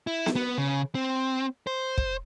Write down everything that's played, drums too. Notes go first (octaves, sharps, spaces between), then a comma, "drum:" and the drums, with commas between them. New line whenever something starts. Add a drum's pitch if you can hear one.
E4
drum: snare B3
B3
C#3
C4
C5
drum: kick